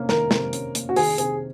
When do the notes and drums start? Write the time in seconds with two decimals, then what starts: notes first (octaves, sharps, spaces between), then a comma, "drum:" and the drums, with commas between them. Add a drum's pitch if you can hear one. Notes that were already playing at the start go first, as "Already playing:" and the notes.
Already playing: C3 A#3 C#4
0.09 D#3 A#4, drum: snare
0.31 C3, drum: snare
0.53 C#4, drum: hi-hat
0.75 A#3, drum: hi-hat
0.89 F#4
0.96 D#3 G#4, drum: open hi-hat
1.18 C3 G#4, drum: hi-hat